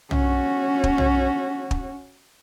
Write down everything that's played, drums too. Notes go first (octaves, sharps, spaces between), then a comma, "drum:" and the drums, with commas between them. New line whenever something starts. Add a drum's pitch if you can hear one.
C#4 F#4, drum: tom
drum: kick
drum: tom
drum: kick